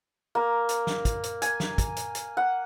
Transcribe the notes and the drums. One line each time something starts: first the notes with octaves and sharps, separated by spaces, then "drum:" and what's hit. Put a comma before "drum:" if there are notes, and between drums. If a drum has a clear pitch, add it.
A#3
drum: hi-hat
drum: snare
drum: kick, hi-hat
drum: hi-hat
G#5, drum: hi-hat
drum: snare
drum: kick, hi-hat
drum: hi-hat
drum: hi-hat
F#5